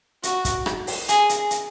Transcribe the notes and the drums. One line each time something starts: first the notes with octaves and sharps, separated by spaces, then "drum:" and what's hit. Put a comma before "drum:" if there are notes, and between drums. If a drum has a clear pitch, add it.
F#4, drum: hi-hat
drum: kick, hi-hat
drum: rim click
drum: open hi-hat
G#4, drum: hi-hat
drum: hi-hat
drum: hi-hat